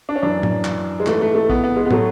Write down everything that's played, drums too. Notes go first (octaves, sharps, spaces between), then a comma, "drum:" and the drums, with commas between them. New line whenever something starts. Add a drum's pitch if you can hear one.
D4
C#4
F#2 E3 D4
drum: tom
drum: clap
G#3
G#2 E3 A3, drum: clap
A3
A3
B3, drum: kick
B3
G#3
B3
A2 F#3 A3, drum: tom